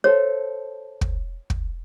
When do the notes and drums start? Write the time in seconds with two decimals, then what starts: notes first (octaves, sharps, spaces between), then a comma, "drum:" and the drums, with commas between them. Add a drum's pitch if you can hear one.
0.04 A4 C5 C#5
1.01 drum: kick
1.50 drum: kick